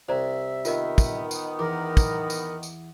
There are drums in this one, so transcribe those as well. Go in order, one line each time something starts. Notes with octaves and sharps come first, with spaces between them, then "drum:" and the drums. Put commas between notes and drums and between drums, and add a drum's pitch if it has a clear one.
C2 C5 D5 E5 A#5
D#3 B3 F4 A#4 D#5, drum: tambourine
drum: kick, tambourine
drum: tambourine
E2 A#4 D6
drum: kick, tambourine
drum: tambourine
drum: tambourine